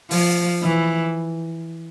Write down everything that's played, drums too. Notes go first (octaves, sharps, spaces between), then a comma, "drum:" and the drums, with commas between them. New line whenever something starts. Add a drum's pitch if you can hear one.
F3, drum: open hi-hat
E3